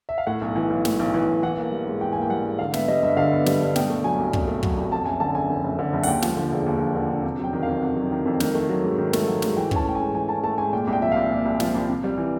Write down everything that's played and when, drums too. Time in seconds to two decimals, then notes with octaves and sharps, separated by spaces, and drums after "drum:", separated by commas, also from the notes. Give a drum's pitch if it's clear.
0.09 E5
0.18 F5
0.27 A2 F#5
0.41 B1
0.56 E3
0.70 B1
0.85 A2, drum: snare
0.99 B1
1.14 E3
1.28 B1
1.43 E3 F#5
1.57 A#3
1.72 G3
1.87 G#2
2.01 E3 G5
2.13 A#3 G#5
2.22 G5
2.30 G3 F#5
2.45 G#2
2.59 D3 F5
2.74 B3 E5, drum: snare
2.88 G3 D#5
3.03 G2 E5
3.17 D3 F5
3.32 B3
3.46 G3, drum: snare
3.61 G2
3.76 B2 G5, drum: snare
3.90 A3
4.04 F#3 G#5
4.19 C2
4.33 B2, drum: kick
4.48 A3
4.63 F#3, drum: kick
4.77 C2
4.91 F2 A5
5.05 F#1 G#5
5.20 D3 A5
5.35 F#1 G#5
5.50 F2
5.64 F#1
5.79 D3
5.93 F#1
6.03 F#5, drum: open hi-hat
6.07 D#2 G5
6.22 F3, drum: snare
6.37 D3
6.52 E1
6.66 D#2
6.80 F3
6.95 D3
7.09 E1
7.24 C3
7.39 F#3
7.44 G5
7.53 D#3
7.63 F2 F5
7.82 C3 F#5
7.96 F#3
8.11 D#3
8.26 F2
8.40 D#3, drum: snare
8.55 A3
8.69 F#3
8.84 G#2
8.98 D#3
9.13 A3, drum: snare
9.27 F#3
9.42 G#2, drum: snare
9.57 E3 G5
9.71 C#4 A5, drum: kick
9.85 A3 G5
9.95 G#2 G#5
10.14 E3 G#5
10.29 C#4 A5
10.44 A3 A5
10.58 G#2 G#5
10.73 A#2 G5
10.87 C2
10.93 G5
11.02 F3 E5
11.12 C2 F5
11.30 A#2
11.45 C2
11.60 F3, drum: snare
11.75 C2
11.89 C3
12.04 G3
12.18 E3